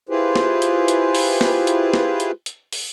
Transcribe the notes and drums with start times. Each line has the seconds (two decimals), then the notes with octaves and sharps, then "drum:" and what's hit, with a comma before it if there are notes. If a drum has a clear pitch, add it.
0.09 E4 F4 G4 G#4 B4 C5
0.36 drum: snare
0.62 drum: hi-hat
0.88 drum: hi-hat
1.15 drum: open hi-hat
1.41 drum: snare
1.67 drum: hi-hat
1.94 drum: snare
2.20 drum: hi-hat
2.46 drum: hi-hat
2.73 drum: open hi-hat